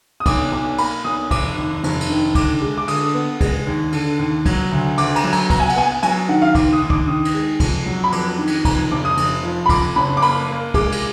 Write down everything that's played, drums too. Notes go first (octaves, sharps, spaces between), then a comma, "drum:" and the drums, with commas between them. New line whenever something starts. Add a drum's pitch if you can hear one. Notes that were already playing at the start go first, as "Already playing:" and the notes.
D#6
B1 D6, drum: kick, cymbal
B1
A#3 B5, drum: cymbal
B1 D#6
F1 D6, drum: kick, cymbal
D#2
F1, drum: cymbal
drum: cymbal
D#3
D3 D6, drum: kick, cymbal
G#3
D6
D3 D#6, drum: cymbal
B3
G#3, drum: kick, cymbal
D#2
D3, drum: cymbal
D#2
F#3, drum: kick, cymbal
D2
D2 D6, drum: cymbal
A#5, drum: cymbal
F#3
A#5, drum: cymbal
B3 A#5, drum: kick, cymbal
G#5
F#5, drum: cymbal
B3 G#5
F#3 G#5, drum: cymbal
D#3 F#5
F5
D#2 D6, drum: kick, cymbal
D#6
D#2
D6, drum: kick
D#3 D#6
drum: cymbal
G#3
F2, drum: kick, cymbal
F#3
B5
F2 D6, drum: cymbal
D#3
drum: cymbal
F2 A#5, drum: kick, cymbal
F1 D6
D#6
F1, drum: cymbal
F3
B5
F2 D6, drum: kick, cymbal
F#1 B5
D6
A#3 B5, drum: cymbal
A#3
G#3 D6, drum: kick, cymbal
drum: cymbal